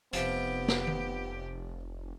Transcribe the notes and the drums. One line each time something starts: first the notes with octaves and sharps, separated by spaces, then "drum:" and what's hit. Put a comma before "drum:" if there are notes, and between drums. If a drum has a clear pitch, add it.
F1 C3 F3 B3 G4, drum: hi-hat
drum: snare
drum: tom D#3